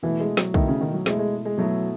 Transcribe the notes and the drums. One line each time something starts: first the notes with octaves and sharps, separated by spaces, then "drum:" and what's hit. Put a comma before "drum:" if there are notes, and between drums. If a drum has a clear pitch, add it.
B2 E3 A3 E4
G#3
F#3, drum: snare
B2 D#3 A3 E4, drum: kick B1
C#3
D#3
F#3
B2 G#3 A3 E4, drum: snare
G#3
G#3
B2 F#3 A3 E4